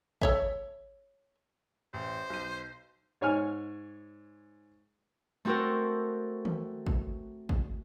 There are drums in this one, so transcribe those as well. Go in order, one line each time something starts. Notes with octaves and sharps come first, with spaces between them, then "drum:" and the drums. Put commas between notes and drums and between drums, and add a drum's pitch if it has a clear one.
A4 C#5 E5, drum: kick
A1 C5
B1 D#7
G#2 C#5 G#5 F6
A3 C4 F#4 A4 A#4 C5
drum: tom D#3
drum: kick
drum: kick